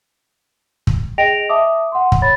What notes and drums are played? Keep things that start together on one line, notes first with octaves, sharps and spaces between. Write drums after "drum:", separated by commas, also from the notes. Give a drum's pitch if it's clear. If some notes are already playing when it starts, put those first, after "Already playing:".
drum: kick
G#4 D#5 G5 A#6 D7 F7
E5 A5 D6 D#6
F#5 C6
drum: kick
C#5 B5 A6